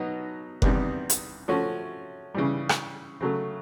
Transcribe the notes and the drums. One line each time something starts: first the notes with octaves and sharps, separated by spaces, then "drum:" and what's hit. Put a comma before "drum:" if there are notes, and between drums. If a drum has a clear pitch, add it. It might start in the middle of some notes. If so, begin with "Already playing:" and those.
Already playing: B2 F#3 B3 D#4
E2 C3 D#3 G3 B3, drum: kick F#1
drum: hi-hat
F3 A3 C#4 F#4
C#3 E3 G3
drum: rim click
C#3 F#3 A3